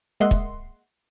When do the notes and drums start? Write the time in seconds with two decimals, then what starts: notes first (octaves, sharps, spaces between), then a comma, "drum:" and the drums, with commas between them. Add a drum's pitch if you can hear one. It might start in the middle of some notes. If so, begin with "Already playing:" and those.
0.20 G#3 A#3 D#5 E5 F#5 C6
0.31 drum: kick